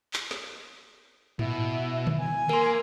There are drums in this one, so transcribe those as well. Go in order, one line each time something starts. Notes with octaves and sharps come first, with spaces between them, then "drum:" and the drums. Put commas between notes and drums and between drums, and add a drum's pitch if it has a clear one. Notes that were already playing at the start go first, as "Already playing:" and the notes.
drum: clap
drum: snare
B2 E4, drum: tom G#2
drum: tom D3
G#5
A#3 A#4 C6